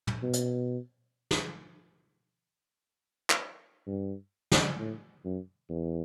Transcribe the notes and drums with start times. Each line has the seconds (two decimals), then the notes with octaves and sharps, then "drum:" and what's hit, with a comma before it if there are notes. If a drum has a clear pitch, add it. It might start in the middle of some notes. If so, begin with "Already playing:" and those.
0.07 drum: tom
0.23 B2
0.33 drum: hi-hat
1.31 drum: snare
3.30 drum: clap
3.87 G2
4.52 drum: snare
4.79 A2
5.24 F#2
5.70 E2